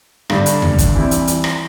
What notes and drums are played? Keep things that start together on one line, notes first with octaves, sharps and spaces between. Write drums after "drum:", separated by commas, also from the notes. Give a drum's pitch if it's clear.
G2 D3 G3 D4, drum: rim click
drum: hi-hat
drum: tom E2
drum: kick, hi-hat
E3 G3 C4 E4
drum: hi-hat
drum: hi-hat
drum: rim click